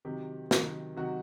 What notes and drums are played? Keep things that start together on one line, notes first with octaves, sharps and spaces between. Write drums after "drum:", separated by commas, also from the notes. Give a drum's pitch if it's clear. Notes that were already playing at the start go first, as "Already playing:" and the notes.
C3 D#3 F#3 G4
C3 D#3 F#3, drum: snare
C3 D#3 F#3 F#4